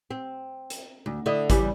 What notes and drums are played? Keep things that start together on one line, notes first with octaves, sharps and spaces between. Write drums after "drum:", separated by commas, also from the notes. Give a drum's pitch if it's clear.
C4
drum: hi-hat
D2
D3 E4 D#5
C#3 E3 G3, drum: kick G#1, hi-hat